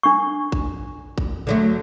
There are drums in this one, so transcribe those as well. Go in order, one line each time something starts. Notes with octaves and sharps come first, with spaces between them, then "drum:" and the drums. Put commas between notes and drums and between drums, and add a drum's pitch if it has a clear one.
D4 C#6
drum: kick A1
drum: kick A1
D3 F#3 A3